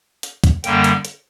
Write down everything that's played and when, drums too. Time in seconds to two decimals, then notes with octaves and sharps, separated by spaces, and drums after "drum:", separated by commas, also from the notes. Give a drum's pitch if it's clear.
0.23 drum: hi-hat
0.44 drum: kick, hi-hat
0.64 F#2 D3 G3 A#3 G5, drum: hi-hat
0.84 drum: hi-hat
1.05 drum: hi-hat